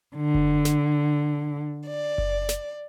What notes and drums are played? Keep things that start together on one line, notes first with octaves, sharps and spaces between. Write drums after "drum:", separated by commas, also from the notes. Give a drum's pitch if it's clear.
D3
drum: kick F#1
drum: snare
D5
drum: kick F#1
drum: snare